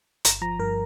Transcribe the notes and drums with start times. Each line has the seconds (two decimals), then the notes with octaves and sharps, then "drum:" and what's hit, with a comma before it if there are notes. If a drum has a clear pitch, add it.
0.25 G1 A#5, drum: hi-hat
0.41 F3 A#5
0.59 G2 A#4